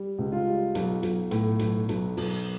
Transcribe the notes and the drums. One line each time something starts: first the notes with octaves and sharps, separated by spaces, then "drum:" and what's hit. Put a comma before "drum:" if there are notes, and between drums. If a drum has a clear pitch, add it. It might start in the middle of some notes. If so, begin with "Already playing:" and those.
Already playing: G3
C#2
F4
G3
B1, drum: hi-hat
B1, drum: hi-hat
A2, drum: hi-hat
B1, drum: hi-hat
B1, drum: hi-hat
B1, drum: open hi-hat